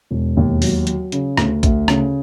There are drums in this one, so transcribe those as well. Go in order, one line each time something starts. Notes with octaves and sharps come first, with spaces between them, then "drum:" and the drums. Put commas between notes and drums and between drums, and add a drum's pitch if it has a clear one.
E1
D#2
F#3, drum: open hi-hat
F#3, drum: hi-hat
C#3, drum: hi-hat
D2, drum: rim click
D2, drum: kick A#1, hi-hat
C#3, drum: rim click